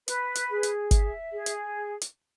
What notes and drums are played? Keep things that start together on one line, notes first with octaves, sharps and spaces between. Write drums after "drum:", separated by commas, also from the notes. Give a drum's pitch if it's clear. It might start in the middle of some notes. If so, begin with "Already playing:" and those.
B4, drum: hi-hat
drum: hi-hat
G#4
drum: hi-hat
E5, drum: kick G#1, hi-hat
G#4
drum: hi-hat
drum: hi-hat